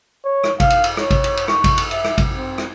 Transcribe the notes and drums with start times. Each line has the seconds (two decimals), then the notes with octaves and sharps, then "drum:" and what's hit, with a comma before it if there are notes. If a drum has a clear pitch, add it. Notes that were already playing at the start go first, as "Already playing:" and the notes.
0.25 C#5
0.44 drum: rim click
0.60 F5, drum: kick G#1, cymbal
0.70 drum: cymbal
0.84 drum: cymbal
0.97 C#5, drum: rim click
1.10 drum: kick G#1, cymbal
1.24 drum: cymbal
1.37 drum: cymbal
1.48 C#6, drum: rim click
1.64 drum: kick G#1, cymbal
1.77 drum: cymbal
1.91 E5, drum: cymbal
2.04 drum: rim click
2.18 drum: kick G#1, cymbal
2.36 C4
2.58 drum: rim click